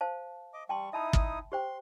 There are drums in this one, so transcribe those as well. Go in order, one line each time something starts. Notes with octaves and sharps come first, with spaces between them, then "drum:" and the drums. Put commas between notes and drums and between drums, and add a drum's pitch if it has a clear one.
C5 F5 A5
D#5 D6
G3 G5 A5 C6 C#6
D#4 E4 E5 A5 B5 D#6
drum: kick
G4 C5 G5 C6